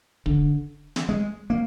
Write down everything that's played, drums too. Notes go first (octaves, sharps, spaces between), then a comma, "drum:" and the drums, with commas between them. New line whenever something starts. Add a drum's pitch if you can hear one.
D3, drum: kick
drum: snare
G#3
A#3